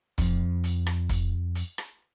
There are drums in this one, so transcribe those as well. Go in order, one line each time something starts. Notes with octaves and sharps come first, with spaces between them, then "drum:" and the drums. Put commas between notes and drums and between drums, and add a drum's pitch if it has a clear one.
F2 F3, drum: kick, hi-hat
drum: hi-hat
drum: rim click
drum: kick, hi-hat
drum: hi-hat
drum: rim click